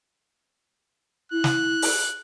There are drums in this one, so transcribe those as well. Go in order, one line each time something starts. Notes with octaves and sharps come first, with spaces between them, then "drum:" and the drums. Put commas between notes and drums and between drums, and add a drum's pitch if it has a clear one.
E4 F#6
drum: snare
drum: open hi-hat